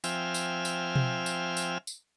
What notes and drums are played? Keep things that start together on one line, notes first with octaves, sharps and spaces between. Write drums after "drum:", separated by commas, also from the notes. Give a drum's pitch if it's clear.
F3 C4 E5 G5 G#5 F6, drum: tambourine
drum: tambourine
drum: tambourine
drum: tom B2
drum: tambourine
drum: tambourine
drum: tambourine